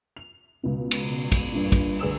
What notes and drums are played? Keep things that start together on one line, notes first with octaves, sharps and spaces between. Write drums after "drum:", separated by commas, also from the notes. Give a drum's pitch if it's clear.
F7
C#2 B2
drum: cymbal
drum: kick, cymbal
G2 A#2
drum: kick, cymbal
D2 G#4 B4 E6 E7